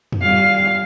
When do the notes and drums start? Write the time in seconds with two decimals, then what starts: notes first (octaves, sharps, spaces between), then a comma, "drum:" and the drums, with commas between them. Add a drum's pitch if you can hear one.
0.12 drum: tom F2
0.22 G3 F5